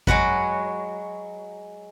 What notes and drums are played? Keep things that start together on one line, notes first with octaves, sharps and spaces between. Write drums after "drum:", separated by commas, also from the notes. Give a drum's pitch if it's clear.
F#3 G#3 F#4 B4, drum: kick G#1